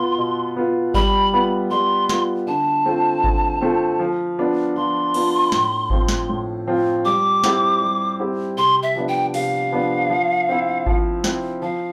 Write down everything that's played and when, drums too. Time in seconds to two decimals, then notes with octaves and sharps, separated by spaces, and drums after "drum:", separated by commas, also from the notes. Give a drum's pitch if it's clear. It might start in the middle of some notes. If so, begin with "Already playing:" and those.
Already playing: B2 B3 F4 C6
0.18 B2
0.56 B3 F4
0.94 G3 B5, drum: kick G#1
1.33 B3 F4
1.71 G3 C6
2.09 B3 F4, drum: snare
2.47 D3 A5
2.86 A3 C4 F4
3.24 D3, drum: kick G#1
3.61 A3 C4 F4
3.99 F3
4.39 B3 D4 F4
4.76 F3 C6
5.14 B3 D4 F4, drum: cymbal
5.52 A2, drum: snare
5.90 F3 C4 F4, drum: kick G#1
6.08 drum: snare
6.29 A2
6.67 F3 C4 F4
7.05 G3 D6
7.44 C4 E4 G4, drum: snare
7.82 G3
8.19 C4 E4 G4
8.58 C3 C6
8.83 E5
8.96 F3 B3 D4
9.08 G5
9.34 C3 F5, drum: open hi-hat
9.72 F3 B3 D4
10.09 F3
10.49 C4 E4
10.86 F3, drum: kick G#1
11.24 C4 E4, drum: snare
11.62 F3 F5